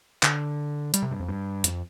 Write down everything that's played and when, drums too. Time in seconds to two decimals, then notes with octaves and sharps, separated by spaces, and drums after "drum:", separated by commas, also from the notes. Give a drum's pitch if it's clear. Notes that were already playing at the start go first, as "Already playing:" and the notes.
0.23 D3, drum: clap
0.94 G3, drum: hi-hat
1.03 C3
1.11 G2
1.20 F2
1.28 G2
1.64 F2, drum: hi-hat